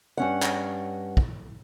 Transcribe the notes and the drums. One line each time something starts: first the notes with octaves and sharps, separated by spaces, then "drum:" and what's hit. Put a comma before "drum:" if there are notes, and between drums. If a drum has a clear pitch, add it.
G2 C#4 F#5
drum: clap
drum: kick